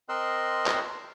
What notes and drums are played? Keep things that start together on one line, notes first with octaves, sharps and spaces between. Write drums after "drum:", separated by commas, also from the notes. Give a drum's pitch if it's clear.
C4 A#4 D#5 C6 E6 F#6
drum: clap